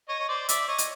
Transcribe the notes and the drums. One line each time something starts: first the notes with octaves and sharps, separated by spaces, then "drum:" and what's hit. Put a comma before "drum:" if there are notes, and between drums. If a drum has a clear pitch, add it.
C#5 D#5
C#5
C5 D5
D5 E5, drum: hi-hat
C#5 D#5
drum: hi-hat